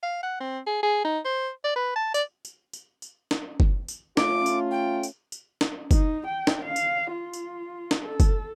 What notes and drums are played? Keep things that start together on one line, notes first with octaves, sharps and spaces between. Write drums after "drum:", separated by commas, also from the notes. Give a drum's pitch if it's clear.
F5
F#5
C4
G#4
G#4
D#4
C5
D5
B4
A5
D5, drum: tambourine
drum: tambourine
drum: tambourine
drum: tambourine
drum: snare
drum: kick
drum: tambourine
A3 C#4 F4 D6, drum: snare
drum: tambourine
G5
drum: tambourine
drum: tambourine
drum: snare
D#4, drum: kick, tambourine
G5
drum: snare
F5
drum: tambourine
F4
drum: tambourine
drum: snare
A4
drum: kick, tambourine